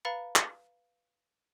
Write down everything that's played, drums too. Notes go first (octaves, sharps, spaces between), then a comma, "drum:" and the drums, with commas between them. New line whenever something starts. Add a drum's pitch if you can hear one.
B4 F5 A#5 B5 A6 C#7
drum: clap